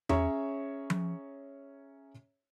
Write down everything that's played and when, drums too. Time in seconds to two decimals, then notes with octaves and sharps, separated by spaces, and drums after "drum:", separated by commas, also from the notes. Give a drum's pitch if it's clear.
0.09 C#4 G#4 C#5 E5 A#5 C#6, drum: tom E2
0.90 drum: tom F3